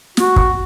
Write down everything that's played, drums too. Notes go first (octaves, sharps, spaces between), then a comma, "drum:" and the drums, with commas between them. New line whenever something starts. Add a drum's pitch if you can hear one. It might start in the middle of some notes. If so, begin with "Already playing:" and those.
F#4, drum: snare
drum: kick